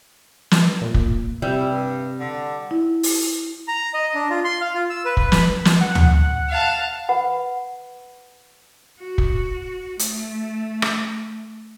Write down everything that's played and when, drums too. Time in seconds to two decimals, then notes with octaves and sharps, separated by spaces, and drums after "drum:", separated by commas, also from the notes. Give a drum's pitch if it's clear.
0.51 drum: snare
0.81 A#2
0.94 drum: kick
1.42 C3 G3 E4
1.70 G2
2.20 D3
2.71 E4
3.03 drum: open hi-hat
3.68 A#5
3.94 D#5
4.15 D4
4.30 F4
4.45 C6
4.61 F5
4.74 F4
4.90 E6
5.05 B4
5.17 B4, drum: kick
5.32 B5, drum: snare
5.65 drum: snare
5.81 F#5
5.95 drum: tom
6.49 F5 A5
7.09 B4 F#5 B5
9.00 F#4
9.18 drum: kick
9.99 A3, drum: hi-hat
10.82 drum: rim click